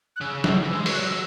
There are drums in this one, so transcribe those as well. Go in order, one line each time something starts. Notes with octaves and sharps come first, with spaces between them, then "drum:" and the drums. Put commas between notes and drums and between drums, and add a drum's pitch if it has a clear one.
F#6
C#3 E6
drum: snare
E3
G#3
F#3, drum: open hi-hat
F#6
F#3 E6